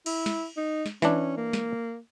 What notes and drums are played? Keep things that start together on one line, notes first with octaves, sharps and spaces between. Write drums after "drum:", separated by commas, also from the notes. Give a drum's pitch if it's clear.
E4, drum: cymbal
drum: snare
D#4
drum: snare
E3 C#4 D4, drum: snare
A#3
drum: snare